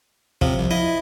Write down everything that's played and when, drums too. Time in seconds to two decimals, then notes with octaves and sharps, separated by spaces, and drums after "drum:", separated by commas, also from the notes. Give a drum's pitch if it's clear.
0.41 C3 F3, drum: kick
0.58 C2
0.71 E4 D#5